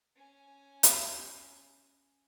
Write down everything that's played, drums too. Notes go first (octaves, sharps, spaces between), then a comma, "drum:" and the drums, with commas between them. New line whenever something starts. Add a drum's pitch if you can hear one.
C#4 G#5
drum: hi-hat